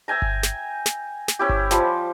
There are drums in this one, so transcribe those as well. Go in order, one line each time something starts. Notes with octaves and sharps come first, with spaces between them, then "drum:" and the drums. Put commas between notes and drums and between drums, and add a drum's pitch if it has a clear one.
E5 G5 G#5 A#5
drum: kick G1
drum: snare
drum: snare
drum: snare
C#4 E4 G4
drum: kick G1
F3 G3 C6, drum: snare